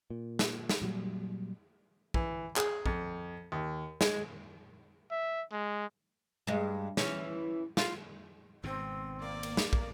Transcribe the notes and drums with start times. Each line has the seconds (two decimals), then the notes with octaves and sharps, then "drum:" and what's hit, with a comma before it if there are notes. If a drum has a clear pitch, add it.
0.10 A#2
0.39 drum: snare
0.69 drum: snare
0.82 A#2 F#3 G3
2.14 E3, drum: kick
2.57 G#4, drum: clap
2.86 F2, drum: kick
3.52 D#2
4.01 G#3, drum: snare
5.11 E5
5.52 G#3
6.47 G2 G#3
6.97 E3 C#4, drum: snare
7.77 F4, drum: snare
8.64 G#1 G#2 B2 C4
9.21 A#3 D5
9.43 drum: cymbal
9.57 drum: snare
9.73 drum: kick